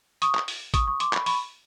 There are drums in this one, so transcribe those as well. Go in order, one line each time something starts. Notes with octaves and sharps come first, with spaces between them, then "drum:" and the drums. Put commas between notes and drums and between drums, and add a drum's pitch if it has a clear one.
C#6 D#6, drum: hi-hat
drum: clap
drum: open hi-hat
C#6 D#6, drum: kick, hi-hat
C#6 D#6
C6 D6, drum: hi-hat
B5 C#6, drum: clap
B5 C#6, drum: open hi-hat